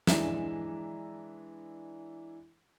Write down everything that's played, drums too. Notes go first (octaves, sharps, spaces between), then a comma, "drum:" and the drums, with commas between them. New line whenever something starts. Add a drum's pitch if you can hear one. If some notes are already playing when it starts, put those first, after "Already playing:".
E3 G#3 D4 E5 A#5 E7, drum: snare